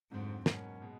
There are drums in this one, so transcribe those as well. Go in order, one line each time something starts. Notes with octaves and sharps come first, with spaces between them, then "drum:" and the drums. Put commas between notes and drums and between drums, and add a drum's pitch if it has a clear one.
F2 G#2 D3 F#3 A3 C4
G#2 B2 F#3 A#3 C#4, drum: snare
B2 G#3